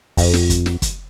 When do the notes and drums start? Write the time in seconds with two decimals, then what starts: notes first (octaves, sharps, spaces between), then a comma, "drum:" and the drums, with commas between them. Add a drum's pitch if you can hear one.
0.17 F2, drum: kick, open hi-hat
0.34 drum: snare
0.50 drum: kick, hi-hat
0.66 drum: snare
0.82 drum: kick, hi-hat